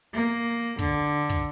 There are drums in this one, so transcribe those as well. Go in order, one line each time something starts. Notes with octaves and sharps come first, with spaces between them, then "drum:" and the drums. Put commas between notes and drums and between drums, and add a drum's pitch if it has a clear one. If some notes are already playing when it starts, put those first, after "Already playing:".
A#3
D3, drum: kick
drum: kick